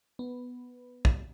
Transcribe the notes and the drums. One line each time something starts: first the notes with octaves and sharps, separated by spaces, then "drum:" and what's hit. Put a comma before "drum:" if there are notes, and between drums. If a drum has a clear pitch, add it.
B3
drum: kick